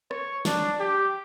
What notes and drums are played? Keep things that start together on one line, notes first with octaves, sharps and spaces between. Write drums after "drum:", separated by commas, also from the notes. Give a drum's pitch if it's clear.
C#5, drum: rim click
D4, drum: snare
G4